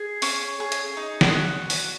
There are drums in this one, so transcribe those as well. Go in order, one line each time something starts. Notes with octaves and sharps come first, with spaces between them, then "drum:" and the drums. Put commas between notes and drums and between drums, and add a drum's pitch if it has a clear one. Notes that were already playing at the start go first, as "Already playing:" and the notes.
Already playing: G#4
C#4, drum: open hi-hat
G#4
drum: hi-hat
D#4
drum: snare
F#4
F#4, drum: open hi-hat